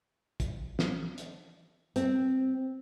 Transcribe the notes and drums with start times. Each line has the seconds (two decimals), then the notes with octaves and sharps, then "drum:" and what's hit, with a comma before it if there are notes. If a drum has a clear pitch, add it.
0.40 drum: kick, hi-hat
0.79 drum: snare
1.18 drum: hi-hat
1.96 C4, drum: hi-hat